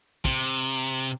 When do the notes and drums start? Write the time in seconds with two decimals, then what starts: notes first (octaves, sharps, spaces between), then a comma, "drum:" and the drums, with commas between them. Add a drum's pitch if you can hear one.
0.25 C3, drum: kick